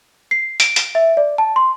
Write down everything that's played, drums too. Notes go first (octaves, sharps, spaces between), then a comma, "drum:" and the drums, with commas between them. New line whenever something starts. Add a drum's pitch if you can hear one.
C7
D7, drum: hi-hat
drum: hi-hat
E5
D5
A5
C6